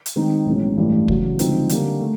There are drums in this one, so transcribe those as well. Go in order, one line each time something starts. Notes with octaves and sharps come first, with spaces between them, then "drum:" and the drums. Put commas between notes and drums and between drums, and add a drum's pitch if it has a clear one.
drum: hi-hat
D#3 G#3 C4 D#4
B1 A2 E3 G#3 C#4
A1 G2 E3 A3
E2 C#3 F#3, drum: kick
D3 F3 G#3 C4 D#4, drum: hi-hat
D3 G3 A#3, drum: hi-hat
A3